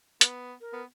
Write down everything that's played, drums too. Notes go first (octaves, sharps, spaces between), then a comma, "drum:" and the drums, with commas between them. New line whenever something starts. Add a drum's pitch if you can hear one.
B3, drum: hi-hat
A#4
B3